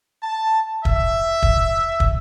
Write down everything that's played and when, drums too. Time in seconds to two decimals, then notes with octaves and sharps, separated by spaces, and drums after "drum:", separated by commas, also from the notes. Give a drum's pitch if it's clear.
0.23 A5
0.85 E5, drum: kick
1.43 drum: kick
2.00 drum: kick